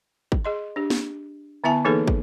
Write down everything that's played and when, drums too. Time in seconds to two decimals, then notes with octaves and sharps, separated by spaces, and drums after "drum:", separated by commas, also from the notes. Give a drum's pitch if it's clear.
0.32 drum: kick
0.45 G#4 D#5 C6
0.76 D4 G4
0.90 drum: snare
1.64 D3 B3 E4 E5 G#5 A5
1.85 E3 A#3 D#4 G#4 A4 B4
2.08 drum: kick